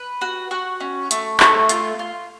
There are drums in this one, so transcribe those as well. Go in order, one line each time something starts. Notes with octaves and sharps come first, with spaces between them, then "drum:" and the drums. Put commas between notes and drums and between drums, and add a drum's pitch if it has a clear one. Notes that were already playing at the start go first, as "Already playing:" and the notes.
Already playing: B4
F#4
F#4
C#4
A3, drum: hi-hat
A3, drum: clap
F4, drum: hi-hat
F4